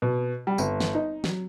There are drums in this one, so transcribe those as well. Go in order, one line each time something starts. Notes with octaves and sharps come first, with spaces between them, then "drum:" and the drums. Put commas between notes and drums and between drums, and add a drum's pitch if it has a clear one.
B2
G3
G1, drum: tambourine
drum: snare
D#4
F#3, drum: snare